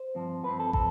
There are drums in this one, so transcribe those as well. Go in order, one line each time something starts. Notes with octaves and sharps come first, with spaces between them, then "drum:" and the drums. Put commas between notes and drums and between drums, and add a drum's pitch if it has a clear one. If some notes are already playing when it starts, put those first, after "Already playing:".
Already playing: C5
G2 F3 C4
G2 F3 C4 B4
A4
F3 C4 A4, drum: kick